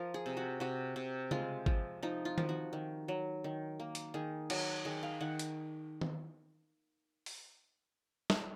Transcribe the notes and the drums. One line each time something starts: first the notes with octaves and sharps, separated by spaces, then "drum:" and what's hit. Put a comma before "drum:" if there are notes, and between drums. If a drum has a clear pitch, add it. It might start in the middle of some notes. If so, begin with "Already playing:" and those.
Already playing: F3 A#4
G#4
C3
F#4
C3 F#4
C3
G#3 F4, drum: tom C#3
F3, drum: kick G#1
F3 D#4
F4
F3, drum: tom D#3
F#4
D#3
F#3
D#3
A#3
drum: hi-hat
D#3 G#4
F#3 F#4, drum: cymbal
D#3 G#4
F5
D#3 F#5
drum: hi-hat
drum: tom D#3
drum: open hi-hat
drum: snare